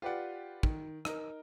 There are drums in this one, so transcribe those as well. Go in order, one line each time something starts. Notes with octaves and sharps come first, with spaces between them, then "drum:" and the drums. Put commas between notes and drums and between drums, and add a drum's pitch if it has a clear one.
F4 G4 B4 D5 F#5
D#3, drum: kick
D#4 A#4, drum: rim click